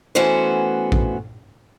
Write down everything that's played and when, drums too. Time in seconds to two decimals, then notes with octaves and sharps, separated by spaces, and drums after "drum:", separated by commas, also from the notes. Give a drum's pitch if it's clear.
0.15 E3 A3 B3 C#4 F#4 C5
0.92 drum: kick A#1